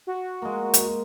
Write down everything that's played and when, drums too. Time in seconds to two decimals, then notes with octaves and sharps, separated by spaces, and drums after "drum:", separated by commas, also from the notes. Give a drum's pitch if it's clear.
0.07 F#4
0.42 G#3 A#3
0.74 drum: hi-hat